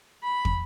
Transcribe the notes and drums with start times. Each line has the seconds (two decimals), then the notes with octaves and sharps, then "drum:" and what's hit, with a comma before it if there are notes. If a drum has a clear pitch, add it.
0.23 B5
0.45 drum: kick